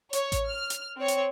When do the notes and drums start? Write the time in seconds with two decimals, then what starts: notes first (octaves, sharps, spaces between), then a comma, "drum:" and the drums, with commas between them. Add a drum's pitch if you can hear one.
0.13 C#5, drum: hi-hat
0.32 drum: kick A1, hi-hat
0.48 F6
0.70 drum: hi-hat
0.98 C4 C#5
1.08 drum: hi-hat